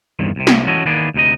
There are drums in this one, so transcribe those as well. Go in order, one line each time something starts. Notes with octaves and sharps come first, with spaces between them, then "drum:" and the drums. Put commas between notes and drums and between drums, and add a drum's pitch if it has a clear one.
E2 G2 C3 D#3
C2 C3
drum: snare
E3 C#4 F#4 A4 C#5 D#5
D#3 E3 A#3 B3 G#4 D5
D2 C3 D#4 D#5